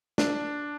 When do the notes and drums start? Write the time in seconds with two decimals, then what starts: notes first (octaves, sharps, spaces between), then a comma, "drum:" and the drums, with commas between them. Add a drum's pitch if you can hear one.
0.18 D4, drum: snare